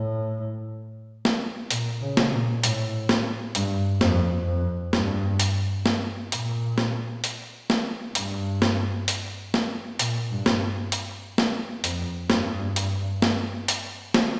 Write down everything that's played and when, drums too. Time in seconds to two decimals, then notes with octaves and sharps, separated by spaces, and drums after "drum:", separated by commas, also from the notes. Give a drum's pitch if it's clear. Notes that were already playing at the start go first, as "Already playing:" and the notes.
Already playing: A2
1.25 drum: snare
1.71 A#2, drum: hi-hat
2.01 C#3
2.17 drum: snare
2.33 A#2
2.63 A2, drum: hi-hat
3.09 drum: snare
3.55 G2, drum: hi-hat
4.01 F2, drum: snare
4.47 F2
4.93 G2, drum: snare
5.40 drum: hi-hat
5.86 drum: snare
6.32 A#2, drum: hi-hat
6.78 drum: snare
7.24 drum: hi-hat
7.70 drum: snare
8.15 G2, drum: hi-hat
8.62 drum: snare
9.08 drum: hi-hat
9.54 drum: snare
9.99 A#2, drum: hi-hat
10.31 G2
10.46 drum: snare
10.92 drum: hi-hat
11.38 drum: snare
11.84 F2, drum: hi-hat
12.30 G2, drum: snare
12.76 drum: hi-hat
13.22 drum: snare
13.68 drum: hi-hat
14.14 drum: snare